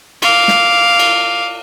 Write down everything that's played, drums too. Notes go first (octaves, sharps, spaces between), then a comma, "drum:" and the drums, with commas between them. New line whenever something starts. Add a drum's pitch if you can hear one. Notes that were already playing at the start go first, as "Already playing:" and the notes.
F5 D6, drum: cymbal
drum: snare
drum: cymbal